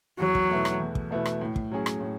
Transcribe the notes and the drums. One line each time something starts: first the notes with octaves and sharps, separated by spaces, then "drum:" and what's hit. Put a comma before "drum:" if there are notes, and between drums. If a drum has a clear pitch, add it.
E2 F#3
drum: kick
B2 A3 E4 B4
drum: rim click
E2
drum: kick
B2 A3 E4 B4
drum: rim click
A2
drum: kick
F#3 C#4 G#4
drum: rim click
A2